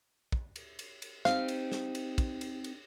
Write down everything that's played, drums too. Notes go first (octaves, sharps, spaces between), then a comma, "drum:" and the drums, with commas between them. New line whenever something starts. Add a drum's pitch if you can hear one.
drum: kick
drum: cymbal
drum: cymbal
drum: cymbal
C4 D#4 G4 F5, drum: snare
drum: cymbal
drum: snare
drum: cymbal
drum: kick, cymbal
drum: cymbal
drum: cymbal